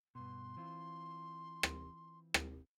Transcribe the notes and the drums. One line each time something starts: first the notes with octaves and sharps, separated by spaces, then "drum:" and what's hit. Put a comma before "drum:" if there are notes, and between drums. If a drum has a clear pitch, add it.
G2 B2 C6
E3 C4 F4
drum: rim click
drum: rim click